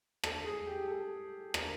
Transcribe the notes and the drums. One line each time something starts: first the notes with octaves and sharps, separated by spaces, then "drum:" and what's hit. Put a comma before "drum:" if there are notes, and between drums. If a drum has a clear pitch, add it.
A4, drum: rim click
G#4
G4
A4
A#4, drum: rim click